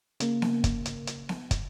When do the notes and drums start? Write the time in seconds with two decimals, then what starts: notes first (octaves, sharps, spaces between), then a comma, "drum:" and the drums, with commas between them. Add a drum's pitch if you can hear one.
0.20 C#3 A#3, drum: hi-hat
0.42 drum: snare B3
0.64 drum: kick, hi-hat
0.86 drum: hi-hat
1.07 drum: hi-hat
1.29 drum: snare B3
1.51 drum: kick, hi-hat